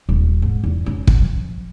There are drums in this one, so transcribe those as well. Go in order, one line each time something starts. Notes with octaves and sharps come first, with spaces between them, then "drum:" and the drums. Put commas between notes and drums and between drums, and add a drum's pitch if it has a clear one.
D#1
G#2
E2
C#4
drum: kick
F3